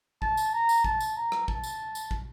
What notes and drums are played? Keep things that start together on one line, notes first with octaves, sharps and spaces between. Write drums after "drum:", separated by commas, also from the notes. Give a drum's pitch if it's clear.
A5, drum: kick
drum: tambourine
A#5
drum: tambourine
A5, drum: kick
drum: tambourine
A#5
drum: rim click
A5, drum: kick
drum: tambourine
drum: tambourine
drum: kick